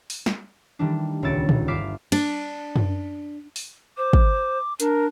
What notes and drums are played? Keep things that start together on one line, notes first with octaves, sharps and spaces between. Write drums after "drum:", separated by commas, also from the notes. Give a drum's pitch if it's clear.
drum: open hi-hat
drum: snare
D#3 E3 G3 A3 D4
D#1 C#2 C#5 E6 A6 D7
D#4, drum: tom A#2
G1 E5 F5 D6 B6 C7
D4, drum: cymbal
drum: tom F#2
drum: open hi-hat
C5 D6
drum: kick
D4 A#4, drum: hi-hat